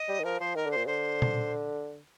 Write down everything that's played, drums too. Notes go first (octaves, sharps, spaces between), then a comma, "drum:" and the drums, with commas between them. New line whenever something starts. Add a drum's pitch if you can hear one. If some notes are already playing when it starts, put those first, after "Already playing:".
Already playing: D#5
G3
D#3
F3 A#4
F3 C5
D#3 A#4
D3
C5
A#2
D3 C5
drum: tom